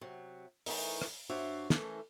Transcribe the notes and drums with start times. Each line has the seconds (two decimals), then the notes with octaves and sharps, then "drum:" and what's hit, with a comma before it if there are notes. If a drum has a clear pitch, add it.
0.01 C3 F#3
0.66 E3 A3 D#4 A#4, drum: open hi-hat
1.02 drum: rim click
1.29 G2 D4 F#4 C5 C#5 E5
1.70 E3 G#3 A3 C#4 A4 A#4, drum: snare